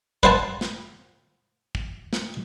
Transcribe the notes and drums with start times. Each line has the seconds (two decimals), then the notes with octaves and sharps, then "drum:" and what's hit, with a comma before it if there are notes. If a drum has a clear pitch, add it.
0.23 B4 C5 F#5 A5, drum: kick
0.61 drum: snare
1.75 drum: kick
2.13 drum: snare